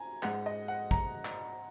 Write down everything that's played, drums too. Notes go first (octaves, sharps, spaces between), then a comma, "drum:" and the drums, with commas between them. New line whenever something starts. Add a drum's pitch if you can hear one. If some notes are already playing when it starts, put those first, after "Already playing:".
Already playing: G#5 A#5
G#2 G#3 F#5, drum: clap
D#5
F#5
A#5, drum: kick
drum: clap